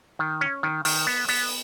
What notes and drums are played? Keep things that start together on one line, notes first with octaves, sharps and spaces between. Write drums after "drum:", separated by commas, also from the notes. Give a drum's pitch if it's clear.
D#3
C#4
D#3
D#3, drum: open hi-hat
B3
B3, drum: open hi-hat